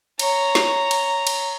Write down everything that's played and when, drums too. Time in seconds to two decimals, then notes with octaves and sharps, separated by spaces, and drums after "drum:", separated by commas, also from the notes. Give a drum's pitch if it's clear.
0.19 C#5 A#5, drum: cymbal
0.55 drum: snare
0.91 drum: cymbal
1.27 drum: cymbal